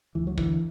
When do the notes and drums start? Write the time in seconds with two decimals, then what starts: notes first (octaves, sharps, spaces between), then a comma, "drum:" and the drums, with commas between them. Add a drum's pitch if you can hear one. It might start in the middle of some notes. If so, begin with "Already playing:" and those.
0.15 D2 E3
0.27 F#3
0.38 D3 E3, drum: kick